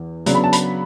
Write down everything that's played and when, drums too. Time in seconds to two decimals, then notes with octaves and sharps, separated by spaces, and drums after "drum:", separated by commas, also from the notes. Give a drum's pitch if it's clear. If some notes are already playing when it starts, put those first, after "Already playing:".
Already playing: E2 E3
0.26 C#3 F#3 B3 D4, drum: hi-hat
0.35 B5
0.44 A5
0.53 B5, drum: hi-hat